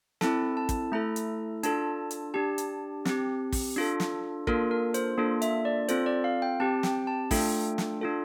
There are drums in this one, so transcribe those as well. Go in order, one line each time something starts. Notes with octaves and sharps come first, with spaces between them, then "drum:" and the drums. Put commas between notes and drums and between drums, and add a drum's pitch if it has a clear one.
C4 E4 A4 A5, drum: snare
A5
drum: kick, hi-hat
A3 E4 A4 A#5
drum: hi-hat
D4 F4 A4 A5, drum: hi-hat
drum: hi-hat
D4 G4 A5
drum: hi-hat
C4 G4, drum: snare
drum: kick, open hi-hat
D4 F4 A4
drum: snare
A#3 D4 F4 A4 A#4, drum: kick
A#4
C5, drum: hi-hat
A#3 D4 F4 A4
E5, drum: hi-hat
D5
C4 F4 A4 C5, drum: hi-hat
D5
F5
G5
C4 G4 A5
G5, drum: snare
A5
A3 D4 F4 A4 G5, drum: kick, open hi-hat
drum: snare
D4 F4 A4